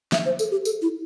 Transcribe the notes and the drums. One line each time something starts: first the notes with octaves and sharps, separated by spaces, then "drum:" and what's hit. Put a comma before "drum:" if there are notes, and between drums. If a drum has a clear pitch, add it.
E5, drum: snare
C5
A4, drum: tambourine
G4
A4, drum: tambourine
E4